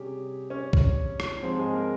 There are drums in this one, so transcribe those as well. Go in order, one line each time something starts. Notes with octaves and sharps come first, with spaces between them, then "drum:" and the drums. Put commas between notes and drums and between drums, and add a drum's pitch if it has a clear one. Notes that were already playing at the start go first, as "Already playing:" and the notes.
Already playing: C3 G3 C#4 G4 G#4
C#4 C#5
drum: kick C2
drum: rim click
G#2 F3 G#3 C4 C5
G#3 G#4
A#3 A#4